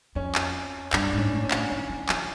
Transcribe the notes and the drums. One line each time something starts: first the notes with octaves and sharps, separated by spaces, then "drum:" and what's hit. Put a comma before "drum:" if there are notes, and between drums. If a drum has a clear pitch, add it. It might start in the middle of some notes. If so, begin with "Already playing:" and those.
F2 C#4
drum: clap
G2 D4, drum: clap
G#2
C#4
A2
C#4
A2, drum: clap
D#3 C#4
E3
F3, drum: clap